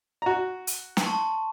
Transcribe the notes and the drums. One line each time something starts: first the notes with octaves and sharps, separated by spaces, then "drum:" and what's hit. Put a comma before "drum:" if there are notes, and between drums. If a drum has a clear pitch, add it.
F#4 A#5
drum: hi-hat
drum: snare
A5 C6 C#6